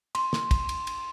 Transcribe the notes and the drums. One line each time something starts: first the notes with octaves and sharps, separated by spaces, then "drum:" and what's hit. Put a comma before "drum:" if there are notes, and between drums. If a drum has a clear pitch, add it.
C6, drum: cymbal
drum: snare
drum: kick, cymbal
drum: cymbal
drum: cymbal